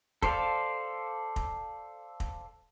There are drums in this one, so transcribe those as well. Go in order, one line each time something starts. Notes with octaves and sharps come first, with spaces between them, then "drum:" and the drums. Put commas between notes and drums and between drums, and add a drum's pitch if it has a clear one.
A4 C5 D5 F5 A5, drum: kick
drum: kick
drum: kick